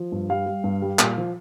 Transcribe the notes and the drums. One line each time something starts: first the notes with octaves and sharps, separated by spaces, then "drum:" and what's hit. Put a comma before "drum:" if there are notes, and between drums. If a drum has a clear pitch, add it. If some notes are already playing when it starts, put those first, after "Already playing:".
Already playing: F3
G2
G3 F5
G3
G2
G3
A#2, drum: clap
F3